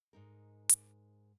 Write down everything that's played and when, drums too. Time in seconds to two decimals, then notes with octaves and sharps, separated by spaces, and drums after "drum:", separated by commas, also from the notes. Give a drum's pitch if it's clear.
0.13 G#2 D#4 A#4
0.69 drum: hi-hat